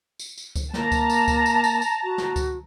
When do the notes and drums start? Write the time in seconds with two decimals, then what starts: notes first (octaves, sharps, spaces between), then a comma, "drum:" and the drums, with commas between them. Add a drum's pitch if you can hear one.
0.19 drum: tambourine
0.38 drum: tambourine
0.56 drum: kick C#2, tambourine
0.74 A#3 A5 A#5, drum: snare
0.92 drum: kick C#2, tambourine
1.10 drum: tambourine
1.28 drum: kick C#2, tambourine
1.46 drum: tambourine
1.64 drum: tambourine
1.82 drum: tambourine
2.04 F#4
2.18 drum: snare
2.36 drum: kick C#2, tambourine